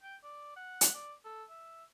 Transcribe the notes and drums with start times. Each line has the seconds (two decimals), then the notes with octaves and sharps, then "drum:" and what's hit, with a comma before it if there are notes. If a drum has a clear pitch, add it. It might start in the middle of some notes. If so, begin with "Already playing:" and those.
0.03 G5
0.23 D5
0.56 F#5
0.81 drum: hi-hat
0.95 D5
1.25 A4
1.49 E5